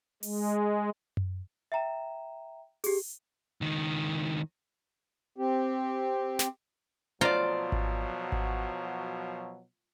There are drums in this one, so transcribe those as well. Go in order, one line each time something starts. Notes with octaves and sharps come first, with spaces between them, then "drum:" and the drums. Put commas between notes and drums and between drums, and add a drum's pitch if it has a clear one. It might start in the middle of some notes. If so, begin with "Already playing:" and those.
G#3, drum: open hi-hat
drum: tom F#2
E5 G5 A#5 E7
G4 G#4, drum: open hi-hat
C#2 D#3
C4 G4
drum: snare
B2 F3 F#3 F4 C5 D5 A#5
drum: kick G#1
drum: kick G#1